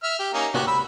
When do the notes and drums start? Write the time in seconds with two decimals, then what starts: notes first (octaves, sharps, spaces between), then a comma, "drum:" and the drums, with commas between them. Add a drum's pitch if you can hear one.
0.03 E5 F6
0.19 G4
0.34 A#3 C#4 D#4
0.54 F#4 G4, drum: tom
0.67 B5 E6